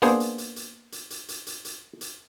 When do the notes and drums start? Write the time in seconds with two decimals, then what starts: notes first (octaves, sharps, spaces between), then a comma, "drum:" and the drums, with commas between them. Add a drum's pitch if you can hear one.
0.02 A#3 B3 D4 G#4 C5, drum: hi-hat
0.20 drum: hi-hat
0.38 drum: hi-hat
0.56 drum: hi-hat
0.92 drum: hi-hat
1.10 drum: hi-hat
1.28 drum: hi-hat
1.47 drum: hi-hat
1.65 drum: hi-hat
2.01 drum: hi-hat